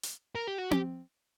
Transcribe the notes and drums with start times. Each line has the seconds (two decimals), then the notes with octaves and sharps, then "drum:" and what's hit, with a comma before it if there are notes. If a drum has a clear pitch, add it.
0.03 drum: hi-hat
0.35 A#4
0.47 G4
0.58 F#4
0.71 G4, drum: tom C4